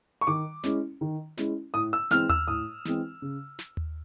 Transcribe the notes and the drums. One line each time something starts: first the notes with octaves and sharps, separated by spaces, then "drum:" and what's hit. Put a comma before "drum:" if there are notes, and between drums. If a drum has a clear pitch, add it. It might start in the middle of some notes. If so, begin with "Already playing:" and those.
C#6
D#3 D6
G#3 C#4 E4, drum: snare
D#3
G#3 C#4 E4, drum: snare
A2 D#6
E6
E3 G#3 C4 F6, drum: snare
E6, drum: tom D#2
A2 D#6
E3 G#3 C4, drum: snare
C#3
drum: snare
drum: tom D#2